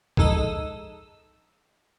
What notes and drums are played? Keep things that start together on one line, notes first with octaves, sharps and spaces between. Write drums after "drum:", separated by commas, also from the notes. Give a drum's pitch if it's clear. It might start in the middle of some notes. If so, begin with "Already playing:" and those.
A#1 G#3 D#4 A4 D#6 E6, drum: kick